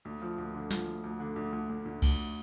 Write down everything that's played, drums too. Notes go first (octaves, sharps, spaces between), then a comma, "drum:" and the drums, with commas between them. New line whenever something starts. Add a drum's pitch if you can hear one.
D2
F3
D2
D3
F3, drum: snare
D2
D2
D3
D2
D2
D2
D2
D2, drum: kick C2, cymbal